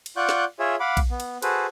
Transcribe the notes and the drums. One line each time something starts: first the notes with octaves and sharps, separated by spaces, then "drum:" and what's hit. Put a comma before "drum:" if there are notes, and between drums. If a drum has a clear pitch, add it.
drum: cymbal
F4 D5 F#5 C#6 F#6 G6
drum: snare
F4 G#4 C#5 E5
F5 F#5 B5 D6
drum: kick, cymbal
B3
drum: cymbal
F#4 G#4 A4 B4 C5, drum: cymbal